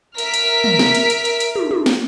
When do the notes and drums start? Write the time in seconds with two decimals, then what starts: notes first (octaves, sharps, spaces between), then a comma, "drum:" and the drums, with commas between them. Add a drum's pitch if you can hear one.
0.18 A#4 E5 F6 B6 D7, drum: hi-hat
0.34 drum: hi-hat
0.64 drum: tom
0.79 drum: snare
0.95 drum: hi-hat
1.10 drum: hi-hat
1.25 drum: hi-hat
1.40 drum: hi-hat
1.56 drum: tom
1.71 drum: tom
1.86 drum: snare